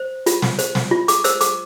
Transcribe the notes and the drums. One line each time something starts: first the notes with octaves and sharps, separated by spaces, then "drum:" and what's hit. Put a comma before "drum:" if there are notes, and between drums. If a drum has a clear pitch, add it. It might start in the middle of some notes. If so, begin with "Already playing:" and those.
Already playing: C5
F4, drum: hi-hat
drum: snare
C5, drum: hi-hat
drum: snare
F4
D6, drum: hi-hat
C5 E6, drum: hi-hat
D6, drum: hi-hat